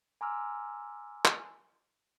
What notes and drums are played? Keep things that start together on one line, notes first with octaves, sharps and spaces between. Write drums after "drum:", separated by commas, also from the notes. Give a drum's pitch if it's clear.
G#5 A#5 C6 D6 E6 F6
drum: clap